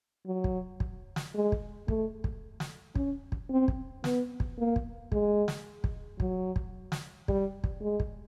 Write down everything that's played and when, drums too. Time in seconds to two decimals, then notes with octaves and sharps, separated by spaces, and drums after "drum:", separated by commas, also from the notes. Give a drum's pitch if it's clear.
0.27 F#3
0.44 drum: kick
0.80 drum: kick
1.16 drum: snare
1.34 G#3
1.52 drum: kick
1.88 A3, drum: kick
2.24 drum: kick
2.60 drum: snare
2.95 C#4, drum: kick
3.32 drum: kick
3.50 C4
3.68 drum: kick
4.04 B3, drum: snare
4.40 drum: kick
4.58 A#3
4.76 drum: kick
5.12 G#3, drum: kick
5.48 drum: snare
5.84 drum: kick
6.20 F#3, drum: kick
6.56 drum: kick
6.92 drum: snare
7.28 G3, drum: kick
7.64 drum: kick
7.81 G#3
8.00 drum: kick